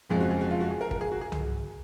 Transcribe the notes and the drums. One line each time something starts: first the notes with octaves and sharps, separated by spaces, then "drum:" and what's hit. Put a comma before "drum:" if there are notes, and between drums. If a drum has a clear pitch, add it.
F#1 F2 F3 G#3 G#4
F#4
G#4
F#4
F4
F#4
G#4
A#4
A#4, drum: kick
G#4
F#4
G#4
drum: tom C2